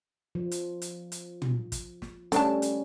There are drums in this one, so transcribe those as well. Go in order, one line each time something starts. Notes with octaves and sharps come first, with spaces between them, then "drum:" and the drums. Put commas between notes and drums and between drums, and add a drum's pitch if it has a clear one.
F3
drum: hi-hat
drum: hi-hat
drum: hi-hat
drum: tom
drum: kick, hi-hat
drum: snare
G3 A3 C#4 D4 A5, drum: hi-hat
drum: hi-hat